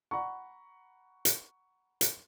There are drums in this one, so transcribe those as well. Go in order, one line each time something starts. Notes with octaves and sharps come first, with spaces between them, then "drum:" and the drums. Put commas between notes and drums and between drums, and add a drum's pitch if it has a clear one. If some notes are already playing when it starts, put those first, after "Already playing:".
F#5 A#5 B5 C#6
drum: hi-hat
drum: hi-hat